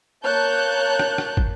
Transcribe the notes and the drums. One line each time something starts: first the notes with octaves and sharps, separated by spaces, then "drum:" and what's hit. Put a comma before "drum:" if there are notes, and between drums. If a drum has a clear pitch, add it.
A#3 C#5 A5 F#6 G6
drum: rim click
drum: rim click
drum: kick